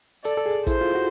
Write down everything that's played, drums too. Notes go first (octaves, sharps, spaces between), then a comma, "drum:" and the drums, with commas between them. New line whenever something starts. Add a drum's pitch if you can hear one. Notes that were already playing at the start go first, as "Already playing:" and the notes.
A4 D5, drum: hi-hat
A4
G#4
E4 C5, drum: kick, hi-hat
F4
F#4